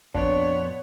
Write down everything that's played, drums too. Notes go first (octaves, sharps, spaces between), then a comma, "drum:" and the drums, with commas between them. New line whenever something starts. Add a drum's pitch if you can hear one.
F2 A#2 B3 D4 C#5, drum: kick